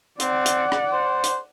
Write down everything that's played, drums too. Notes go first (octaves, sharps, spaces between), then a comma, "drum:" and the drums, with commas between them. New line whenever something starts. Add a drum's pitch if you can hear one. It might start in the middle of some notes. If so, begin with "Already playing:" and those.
C4 D5 F#5, drum: hi-hat
drum: hi-hat
drum: rim click
C5
drum: hi-hat